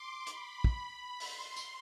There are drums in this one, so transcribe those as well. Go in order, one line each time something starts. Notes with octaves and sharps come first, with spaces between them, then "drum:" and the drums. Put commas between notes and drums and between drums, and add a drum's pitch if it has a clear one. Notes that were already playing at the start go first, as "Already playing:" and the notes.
Already playing: C6 D6
B5, drum: hi-hat
drum: kick
C6, drum: open hi-hat
drum: tambourine